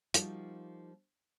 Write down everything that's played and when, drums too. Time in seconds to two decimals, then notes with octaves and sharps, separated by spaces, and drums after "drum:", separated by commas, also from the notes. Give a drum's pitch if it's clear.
0.14 F3 G3 A#3 D#4 F4 F#4, drum: hi-hat